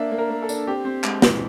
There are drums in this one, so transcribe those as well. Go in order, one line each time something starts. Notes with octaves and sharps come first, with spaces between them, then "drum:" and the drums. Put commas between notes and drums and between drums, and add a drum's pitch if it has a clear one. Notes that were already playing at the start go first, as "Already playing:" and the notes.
Already playing: A#3 D4 E5
A#3
A#4
A#3
A4
D4, drum: tambourine
C4 G4
C4
G#3, drum: clap
E3, drum: snare